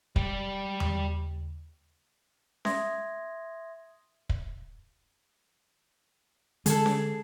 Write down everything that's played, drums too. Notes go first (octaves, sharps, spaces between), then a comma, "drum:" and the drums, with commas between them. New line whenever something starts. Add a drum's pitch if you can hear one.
G3 D5, drum: kick
drum: tom E2
E5 C6 D#6 G#6 A#6, drum: snare C#4
drum: kick
D3 G#3 G#4 A4, drum: hi-hat
drum: snare C#4